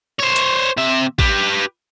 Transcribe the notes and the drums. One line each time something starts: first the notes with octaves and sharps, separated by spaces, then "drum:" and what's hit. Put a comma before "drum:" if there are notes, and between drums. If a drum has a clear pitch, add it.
C5 C#5
drum: hi-hat
C3 E5
G4 B4, drum: kick